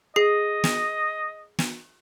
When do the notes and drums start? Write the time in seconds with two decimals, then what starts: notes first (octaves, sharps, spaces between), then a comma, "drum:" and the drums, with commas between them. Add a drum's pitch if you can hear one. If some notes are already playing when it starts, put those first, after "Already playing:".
0.16 G#4 D#5 C7
0.64 drum: snare
1.59 drum: snare